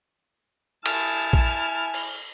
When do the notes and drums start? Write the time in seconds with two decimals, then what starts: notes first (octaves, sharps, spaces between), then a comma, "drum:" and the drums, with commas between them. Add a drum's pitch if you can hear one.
0.86 E4 G#5 A5 F6, drum: cymbal
1.33 drum: kick A#1
1.94 drum: cymbal